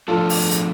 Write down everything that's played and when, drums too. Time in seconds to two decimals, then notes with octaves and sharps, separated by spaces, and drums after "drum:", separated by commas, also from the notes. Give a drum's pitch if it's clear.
0.08 F3 A3 D4 F4 A4
0.29 drum: open hi-hat
0.51 drum: hi-hat